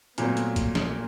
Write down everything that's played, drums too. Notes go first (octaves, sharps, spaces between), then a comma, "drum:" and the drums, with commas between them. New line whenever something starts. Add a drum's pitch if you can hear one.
A#2 F#3 A3 B3 C4, drum: hi-hat
drum: hi-hat
A#3, drum: kick, hi-hat
drum: snare